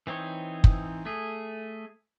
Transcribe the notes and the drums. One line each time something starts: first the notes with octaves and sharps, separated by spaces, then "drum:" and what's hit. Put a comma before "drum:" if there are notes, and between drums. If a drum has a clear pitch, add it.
E3 C4 D#4 C#5
drum: kick
A3 G#4